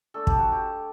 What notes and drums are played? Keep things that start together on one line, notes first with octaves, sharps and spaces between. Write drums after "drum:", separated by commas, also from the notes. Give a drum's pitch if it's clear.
A3 D4 A4
G4, drum: kick
F#4
G4